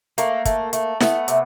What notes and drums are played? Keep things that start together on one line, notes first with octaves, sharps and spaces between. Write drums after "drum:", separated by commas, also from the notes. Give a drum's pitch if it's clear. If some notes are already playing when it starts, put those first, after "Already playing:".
A3 A#3, drum: hi-hat
A3, drum: kick, hi-hat
A3, drum: hi-hat
A3 B3, drum: snare E4
C3, drum: hi-hat